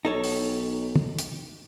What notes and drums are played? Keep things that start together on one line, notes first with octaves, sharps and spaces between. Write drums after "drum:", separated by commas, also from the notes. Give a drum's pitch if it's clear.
B1 D#4 A4 C#5
drum: open hi-hat
drum: tom
drum: hi-hat